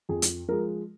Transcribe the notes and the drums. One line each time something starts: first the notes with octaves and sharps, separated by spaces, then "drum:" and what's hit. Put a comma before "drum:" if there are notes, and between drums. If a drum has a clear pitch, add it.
F2 G#4
drum: hi-hat
F3 G#3 A#4